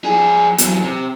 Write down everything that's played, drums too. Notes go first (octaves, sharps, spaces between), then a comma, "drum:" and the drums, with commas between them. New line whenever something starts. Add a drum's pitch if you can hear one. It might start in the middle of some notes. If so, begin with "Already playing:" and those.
F3 G#4
E2 F#3, drum: hi-hat
C3